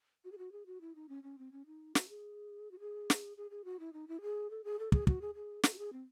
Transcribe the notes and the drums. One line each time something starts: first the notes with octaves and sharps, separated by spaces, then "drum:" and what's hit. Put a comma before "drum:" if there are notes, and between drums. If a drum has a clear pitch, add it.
F#4
G#4
F#4
G#4
F#4
E4
D#4
C#4
C#4
C4
C#4
D#4
F#4, drum: snare
G#4
F#4
G#4
drum: snare
G#4
G#4
F#4
E4
D#4
E4
G#4
A4
G#4
A4
G#4, drum: kick
F#4, drum: kick
G#4
G#4
A4, drum: snare
F#4
G#4
C4